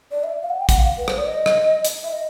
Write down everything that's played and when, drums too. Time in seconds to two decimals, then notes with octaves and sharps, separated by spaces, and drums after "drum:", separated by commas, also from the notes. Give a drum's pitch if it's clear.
0.11 D5
0.24 E5
0.43 F5
0.50 F#5
0.60 G5
0.69 F#5, drum: kick, hi-hat
0.79 F5
0.98 B4
1.08 C5, drum: rim click
1.18 D5
1.26 D#5
1.46 drum: rim click
1.85 drum: hi-hat
2.04 E5
2.12 D#5